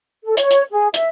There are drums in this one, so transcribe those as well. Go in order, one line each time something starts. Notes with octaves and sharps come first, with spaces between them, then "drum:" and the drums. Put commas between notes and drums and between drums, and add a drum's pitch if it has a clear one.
A4
C#5, drum: hi-hat
drum: hi-hat
G#4
E5, drum: hi-hat